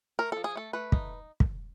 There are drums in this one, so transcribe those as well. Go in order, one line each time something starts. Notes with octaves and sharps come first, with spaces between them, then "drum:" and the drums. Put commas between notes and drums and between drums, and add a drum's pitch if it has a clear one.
A3 A#4
F3 A4
G#4
A3 A4
A3 B4
D#4, drum: kick
drum: kick